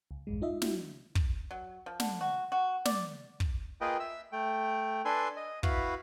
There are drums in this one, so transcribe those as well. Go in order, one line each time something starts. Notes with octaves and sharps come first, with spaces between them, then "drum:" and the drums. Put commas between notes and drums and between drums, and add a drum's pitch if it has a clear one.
C#2
A#1 E2 G2 G#3
D#4 F4 D#5 E5
D4 E4 F#4, drum: snare
drum: kick
F#3
F3
D3, drum: snare
F#4
F#4
D5, drum: snare
drum: kick
A#3 F4 G#4 B4 D#5 G5
E5 E6
A3 G5
D4 A4 B4 G#5 C6
D#5
E4 F#4 B4 F5, drum: kick